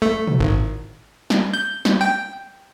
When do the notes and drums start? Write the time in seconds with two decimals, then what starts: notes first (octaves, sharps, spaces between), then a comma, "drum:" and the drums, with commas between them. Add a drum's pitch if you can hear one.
0.02 A3
0.27 drum: tom
0.39 G#1
1.30 drum: snare
1.54 G6
1.85 drum: snare
2.01 G5